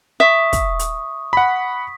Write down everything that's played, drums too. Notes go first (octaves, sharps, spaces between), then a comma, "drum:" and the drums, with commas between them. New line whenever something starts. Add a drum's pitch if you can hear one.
E5 C#6 D#6
drum: kick, hi-hat
drum: hi-hat
F#5 B5 B6